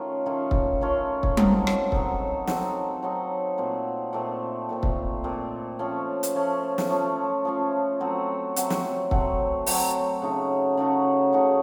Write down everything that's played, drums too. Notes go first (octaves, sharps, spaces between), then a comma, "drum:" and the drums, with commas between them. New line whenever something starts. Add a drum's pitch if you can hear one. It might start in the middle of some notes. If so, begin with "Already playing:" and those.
Already playing: D#3 A3 C#4 F4
D#3 A3 C#4 F4
drum: kick
D#3 A3 C#4 F4
drum: kick
F#3 C4 D#4 A4, drum: tom G3
drum: rim click
F#3 C4 D#4 A4, drum: kick
F#3 C4 D#4 A4, drum: snare
F#3 C4 D#4 A4
A#2 A3 C4
A#2 A3 C4
A#2 A3 C4
drum: kick
A#2 A3 C4
F3 A3 C#4
drum: hi-hat
F3 A3 C#4
drum: snare
F3 A3 C#4
F3 A3 C#4
F#3 A3 C4 F#4
F#3 A3 C4 F#4, drum: hi-hat
drum: snare
F#3 A3 C4 F#4, drum: kick
F#3 A3 C4 F#4, drum: open hi-hat
C#3 A3 D#4 F#4
C#3 A3 D#4 F#4
C#3 A3 D#4 F#4